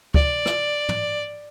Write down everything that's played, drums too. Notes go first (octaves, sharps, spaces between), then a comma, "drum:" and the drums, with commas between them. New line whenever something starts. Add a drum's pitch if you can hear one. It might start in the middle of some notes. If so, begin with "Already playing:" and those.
D5, drum: kick C#2
drum: rim click
drum: tom